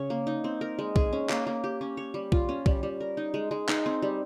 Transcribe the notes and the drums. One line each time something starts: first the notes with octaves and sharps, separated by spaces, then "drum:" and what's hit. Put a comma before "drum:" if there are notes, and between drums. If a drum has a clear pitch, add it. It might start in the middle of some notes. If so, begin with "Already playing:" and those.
Already playing: C#3 C#4 G#4 C#5
A#3
D#4
C4
A#4
G#3
G#4, drum: kick
C#4
A#3, drum: clap
A#3
G4
C#4
C#5
G3
F4, drum: kick
C#4
G3, drum: kick
G3
A#4
D#4
G#3
G#3
D#4, drum: clap
C4
G3